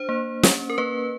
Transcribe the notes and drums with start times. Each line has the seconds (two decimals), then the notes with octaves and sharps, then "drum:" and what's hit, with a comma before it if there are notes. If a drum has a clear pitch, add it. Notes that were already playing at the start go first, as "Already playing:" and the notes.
Already playing: D4 C5
0.09 A#3
0.43 C#4, drum: snare
0.70 A#4
0.78 A#3 B4